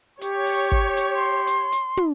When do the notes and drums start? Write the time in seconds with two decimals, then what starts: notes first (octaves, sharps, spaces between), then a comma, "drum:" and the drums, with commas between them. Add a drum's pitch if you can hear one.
0.21 G4 C#5, drum: hi-hat
0.46 drum: open hi-hat
0.72 drum: kick
0.97 drum: hi-hat
1.15 C6
1.47 drum: hi-hat
1.72 drum: hi-hat
1.97 drum: tom